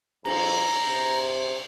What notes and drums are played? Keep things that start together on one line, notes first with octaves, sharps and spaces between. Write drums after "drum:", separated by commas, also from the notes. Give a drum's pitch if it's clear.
F2 A#5, drum: cymbal
C3